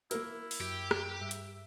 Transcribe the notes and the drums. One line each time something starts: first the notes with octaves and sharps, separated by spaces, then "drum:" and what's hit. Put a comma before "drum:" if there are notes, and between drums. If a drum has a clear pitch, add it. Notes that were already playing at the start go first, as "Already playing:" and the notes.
A#3 E4 A#4, drum: hi-hat
drum: open hi-hat
F#2 G4
drum: rim click
G2 E5
drum: hi-hat